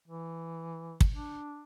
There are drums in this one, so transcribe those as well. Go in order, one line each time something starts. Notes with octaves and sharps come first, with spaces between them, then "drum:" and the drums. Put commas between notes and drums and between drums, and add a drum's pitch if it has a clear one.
E3
drum: kick
D4